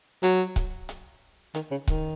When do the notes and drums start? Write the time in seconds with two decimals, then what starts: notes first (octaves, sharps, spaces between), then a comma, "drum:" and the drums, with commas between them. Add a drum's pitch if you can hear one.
0.23 F#3, drum: hi-hat
0.56 drum: kick C#1, hi-hat
0.89 drum: hi-hat
1.55 D#3, drum: hi-hat
1.71 C#3
1.87 D#3, drum: kick C#1, hi-hat